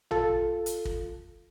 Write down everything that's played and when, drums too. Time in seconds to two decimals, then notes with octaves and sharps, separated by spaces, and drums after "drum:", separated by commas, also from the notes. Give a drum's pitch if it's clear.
0.11 F4 A4, drum: tom
0.66 drum: hi-hat
0.85 drum: kick